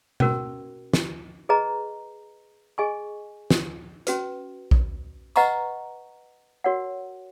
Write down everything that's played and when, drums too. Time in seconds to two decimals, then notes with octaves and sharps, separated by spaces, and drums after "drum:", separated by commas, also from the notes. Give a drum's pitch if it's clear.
0.20 C#4 F#4 A#4, drum: tom B2
0.93 drum: snare
1.49 G#4 B4 D#5 A#5
2.78 G#4 D#5 G#5 C#6
3.51 drum: snare
4.07 C#4 F#4 B4, drum: hi-hat
4.71 drum: kick A#1
5.36 B4 D#5 F#5 A#5 C#6, drum: tambourine
6.64 F#4 A#4 C#5 F#5